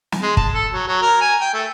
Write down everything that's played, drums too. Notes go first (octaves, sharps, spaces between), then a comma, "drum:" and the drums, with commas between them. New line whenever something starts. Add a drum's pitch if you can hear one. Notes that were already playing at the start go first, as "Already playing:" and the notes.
drum: snare
G#3
A5, drum: kick
A4
F#3
F#3
A#4
G#5
G5
A3